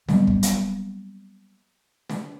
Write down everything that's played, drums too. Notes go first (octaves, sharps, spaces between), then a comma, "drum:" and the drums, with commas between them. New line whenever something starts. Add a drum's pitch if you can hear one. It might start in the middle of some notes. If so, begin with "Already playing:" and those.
F#3 G3 A#3 B3, drum: snare
drum: kick
drum: hi-hat
drum: snare